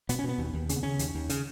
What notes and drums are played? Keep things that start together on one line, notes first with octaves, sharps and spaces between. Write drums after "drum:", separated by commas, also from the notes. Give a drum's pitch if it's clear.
B2 B3, drum: hi-hat
C#4
B2 B3
D#2
D#2
C#3 C#4, drum: hi-hat
B3
C#3 C#4
D#2, drum: hi-hat
D#2
C#3, drum: hi-hat